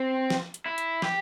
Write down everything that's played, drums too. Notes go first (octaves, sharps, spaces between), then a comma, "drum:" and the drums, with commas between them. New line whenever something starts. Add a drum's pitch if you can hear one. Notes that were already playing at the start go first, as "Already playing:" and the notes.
Already playing: C4
drum: snare
drum: hi-hat
E4
drum: hi-hat
G4, drum: snare